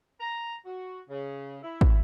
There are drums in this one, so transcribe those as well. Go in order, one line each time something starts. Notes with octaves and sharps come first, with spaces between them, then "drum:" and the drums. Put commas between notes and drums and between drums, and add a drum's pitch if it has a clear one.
A#5
F#4
C#3
E4
drum: kick